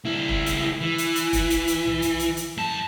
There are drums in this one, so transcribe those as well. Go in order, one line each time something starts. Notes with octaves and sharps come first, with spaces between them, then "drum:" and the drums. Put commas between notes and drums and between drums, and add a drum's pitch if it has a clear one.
C#2 E4
drum: kick
drum: hi-hat
E3
drum: hi-hat
drum: hi-hat
drum: kick, hi-hat
drum: hi-hat
drum: hi-hat
drum: tom B1
drum: hi-hat
drum: hi-hat
drum: hi-hat
F#2 A5